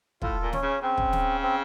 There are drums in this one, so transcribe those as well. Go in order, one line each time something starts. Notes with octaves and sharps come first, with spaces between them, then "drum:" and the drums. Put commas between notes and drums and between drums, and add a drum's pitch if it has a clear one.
A2 F4 A4, drum: kick
A#2
C#4, drum: snare
C#3
C#3 C4
drum: kick
drum: snare
C4